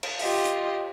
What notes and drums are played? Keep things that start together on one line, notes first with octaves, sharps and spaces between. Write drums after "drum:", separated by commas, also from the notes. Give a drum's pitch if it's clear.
drum: cymbal
F4 G4 D#5, drum: open hi-hat
drum: hi-hat